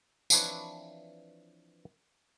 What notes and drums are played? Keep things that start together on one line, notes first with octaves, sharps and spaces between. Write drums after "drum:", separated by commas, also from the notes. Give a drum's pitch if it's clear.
E3 F3 C4 D4 B4 C#5, drum: tambourine